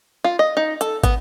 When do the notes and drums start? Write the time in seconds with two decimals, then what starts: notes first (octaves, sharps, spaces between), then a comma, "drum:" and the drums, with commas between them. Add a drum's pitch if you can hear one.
0.24 F4
0.39 D#5
0.57 D#4
0.81 A4, drum: hi-hat
1.03 B3, drum: kick, hi-hat